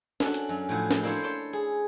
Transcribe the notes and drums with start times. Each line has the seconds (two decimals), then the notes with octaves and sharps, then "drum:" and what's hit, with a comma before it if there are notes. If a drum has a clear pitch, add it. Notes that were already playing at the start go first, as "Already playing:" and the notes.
0.20 C#4 D4 F#4 A4, drum: snare
0.34 drum: hi-hat
0.49 F#2
0.69 A2 F3 F#3
0.91 drum: snare
1.03 A#3 D4 E4 A4 C5 C#5
1.24 C#5 A5 C6
1.53 G#4